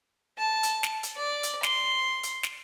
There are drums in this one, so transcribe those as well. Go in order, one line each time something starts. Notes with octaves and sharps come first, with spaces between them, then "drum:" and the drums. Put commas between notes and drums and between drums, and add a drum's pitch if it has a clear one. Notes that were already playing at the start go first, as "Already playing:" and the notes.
A5
drum: hi-hat
drum: snare
drum: hi-hat
D5
drum: hi-hat
C6, drum: snare
drum: hi-hat
drum: snare